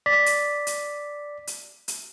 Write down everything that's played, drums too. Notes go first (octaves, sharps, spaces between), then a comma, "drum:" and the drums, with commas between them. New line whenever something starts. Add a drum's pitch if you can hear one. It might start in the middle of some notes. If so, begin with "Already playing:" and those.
D5 B6
drum: hi-hat
drum: hi-hat
drum: hi-hat
drum: hi-hat